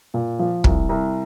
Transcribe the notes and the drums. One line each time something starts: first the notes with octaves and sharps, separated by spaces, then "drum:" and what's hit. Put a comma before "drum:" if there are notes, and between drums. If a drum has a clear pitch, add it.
A#2
F3
C2, drum: kick
C2